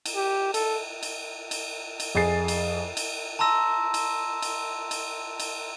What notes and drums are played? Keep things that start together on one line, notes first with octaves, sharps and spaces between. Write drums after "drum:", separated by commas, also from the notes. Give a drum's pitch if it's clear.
drum: cymbal
G4
A4, drum: cymbal
drum: cymbal
drum: cymbal
drum: cymbal
F2 G#4 A6 C7
drum: cymbal
drum: cymbal
A5 A#5 C6 E6 A#6
drum: cymbal
drum: cymbal
drum: cymbal
drum: cymbal